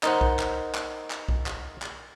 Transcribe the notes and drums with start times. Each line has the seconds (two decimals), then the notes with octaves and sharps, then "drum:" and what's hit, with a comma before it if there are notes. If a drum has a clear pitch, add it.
0.03 D#4 A#4 C5 F#5, drum: clap
0.21 drum: kick B1
0.39 drum: clap
0.75 drum: clap
1.11 drum: clap
1.28 drum: kick B1
1.46 drum: clap
1.82 drum: clap